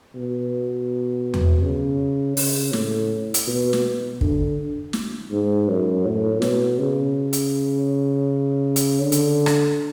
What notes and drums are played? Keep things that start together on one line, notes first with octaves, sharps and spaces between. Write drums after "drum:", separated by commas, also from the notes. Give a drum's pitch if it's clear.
B2
drum: tom E2
C#3
C#3, drum: open hi-hat
A2, drum: snare
drum: hi-hat
B2
drum: snare
D3, drum: kick
drum: snare
G#2
F#2
A2
B2, drum: snare
C#3
drum: hi-hat
drum: hi-hat
D3
drum: hi-hat
drum: rim click